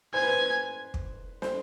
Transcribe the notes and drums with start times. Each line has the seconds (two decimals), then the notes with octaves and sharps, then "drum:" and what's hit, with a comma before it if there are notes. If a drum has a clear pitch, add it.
0.14 C5 G#5
0.22 B4
0.28 C5
0.94 drum: kick
1.42 C5, drum: snare